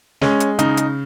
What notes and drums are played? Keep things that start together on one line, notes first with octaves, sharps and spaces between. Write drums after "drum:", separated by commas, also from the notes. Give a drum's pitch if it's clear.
G#3 C#4, drum: snare
drum: hi-hat
C#3 D#4, drum: hi-hat
drum: hi-hat